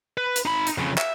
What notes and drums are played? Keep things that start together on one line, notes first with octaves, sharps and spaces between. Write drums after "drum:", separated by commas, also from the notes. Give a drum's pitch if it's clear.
B4
drum: hi-hat
D#4 B5
drum: hi-hat
F2 C#3
E5, drum: clap